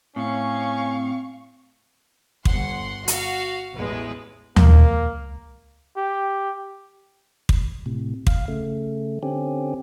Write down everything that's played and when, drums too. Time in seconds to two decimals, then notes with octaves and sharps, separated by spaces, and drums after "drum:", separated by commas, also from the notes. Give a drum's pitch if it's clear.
0.16 A2 C4 C#4 F5 C#6
2.45 G1 F#5 C6, drum: kick
3.08 F#4 F5, drum: hi-hat
3.73 A1 E2 G#3 B4
4.56 C#2 A#3, drum: tom D#2
5.97 G4
7.49 drum: kick
7.86 A2 C3
8.27 F5, drum: kick
8.48 C#3 A3
9.23 D3 C4 C#4 G4